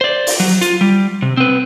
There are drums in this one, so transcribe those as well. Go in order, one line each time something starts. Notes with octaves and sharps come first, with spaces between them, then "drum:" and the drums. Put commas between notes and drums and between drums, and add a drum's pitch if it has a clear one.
C5 D5
drum: open hi-hat
F#3
F4, drum: hi-hat
G3
C3
C4 B4